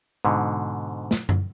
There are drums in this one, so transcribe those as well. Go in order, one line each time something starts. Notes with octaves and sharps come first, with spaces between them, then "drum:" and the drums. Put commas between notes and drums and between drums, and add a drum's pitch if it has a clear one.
G#2 B2 D3
drum: snare
drum: tom F#2